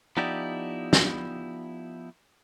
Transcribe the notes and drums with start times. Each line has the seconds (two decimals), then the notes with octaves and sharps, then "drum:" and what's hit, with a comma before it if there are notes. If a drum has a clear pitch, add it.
0.17 F3 B3 D#4 E4 G4 D5
0.93 drum: snare